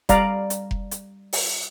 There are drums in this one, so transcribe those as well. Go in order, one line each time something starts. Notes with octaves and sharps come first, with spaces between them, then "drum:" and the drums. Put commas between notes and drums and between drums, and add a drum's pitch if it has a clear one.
G3 D5 F5 A#5, drum: kick F1, hi-hat
drum: hi-hat
drum: kick F1
drum: hi-hat
drum: open hi-hat